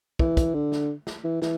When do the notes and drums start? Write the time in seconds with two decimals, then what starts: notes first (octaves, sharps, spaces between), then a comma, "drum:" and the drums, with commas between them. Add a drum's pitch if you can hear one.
0.19 E3, drum: kick
0.37 drum: kick, hi-hat
0.54 D3
0.72 drum: snare
1.07 drum: snare
1.24 E3
1.42 E3, drum: snare